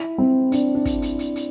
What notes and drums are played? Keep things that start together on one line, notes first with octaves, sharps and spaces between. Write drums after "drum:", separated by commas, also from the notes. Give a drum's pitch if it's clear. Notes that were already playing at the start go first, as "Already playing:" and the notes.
Already playing: E4
C4
D4, drum: hi-hat
D4
drum: kick, hi-hat
drum: hi-hat
drum: hi-hat
drum: hi-hat